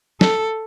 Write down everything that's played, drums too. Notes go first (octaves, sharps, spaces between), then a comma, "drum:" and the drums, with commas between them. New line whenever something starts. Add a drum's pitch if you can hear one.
A4, drum: snare